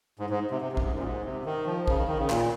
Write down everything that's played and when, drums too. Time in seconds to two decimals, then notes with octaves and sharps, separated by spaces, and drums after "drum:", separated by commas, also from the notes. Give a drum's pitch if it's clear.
0.19 G#2
0.30 G#2
0.51 C3
0.61 C3
0.72 C3
0.77 F#2, drum: kick
0.83 G#2
0.93 F#2
0.99 A#2
1.03 G#2
1.25 C3
1.46 D#3
1.66 F3
1.87 C#3, drum: kick
1.98 D#3
2.08 D#3
2.19 C#3
2.30 A#2, drum: clap